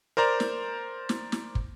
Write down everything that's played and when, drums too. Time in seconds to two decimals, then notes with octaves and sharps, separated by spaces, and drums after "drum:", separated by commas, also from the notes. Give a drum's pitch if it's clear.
0.17 A#4 C5 D5 A#5
0.40 drum: snare
1.09 drum: snare
1.32 drum: snare
1.55 drum: kick